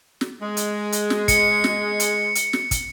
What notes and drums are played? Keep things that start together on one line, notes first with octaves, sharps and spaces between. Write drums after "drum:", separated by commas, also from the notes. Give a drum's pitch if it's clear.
drum: snare
G#3
drum: hi-hat
drum: hi-hat
drum: snare
C#7, drum: kick, hi-hat
drum: snare
drum: hi-hat
drum: hi-hat
drum: snare
drum: kick, hi-hat